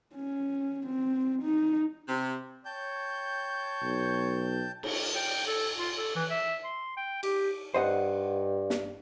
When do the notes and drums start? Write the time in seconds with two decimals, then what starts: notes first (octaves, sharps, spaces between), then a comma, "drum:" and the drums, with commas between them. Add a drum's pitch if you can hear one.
0.15 C#4
0.87 C4
1.43 D#4
2.08 C3
2.65 C#5 G5 A5 G6
3.83 B1
4.83 drum: cymbal
5.15 G5
5.47 A4
5.78 F4
5.97 A4
6.16 E3
6.30 E5
6.64 C6
6.97 G5
7.23 G4, drum: cymbal
7.74 G2 C5 D#5 F#5
8.70 drum: snare